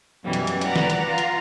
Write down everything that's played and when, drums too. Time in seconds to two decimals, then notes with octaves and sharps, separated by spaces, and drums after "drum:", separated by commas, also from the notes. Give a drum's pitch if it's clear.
0.24 F#2 B2 E3 F#3 G3
0.33 drum: hi-hat
0.47 drum: hi-hat
0.61 B4 D5 F#5 A#5, drum: hi-hat
0.76 drum: snare
0.90 drum: hi-hat
1.07 F4 A#5
1.18 drum: hi-hat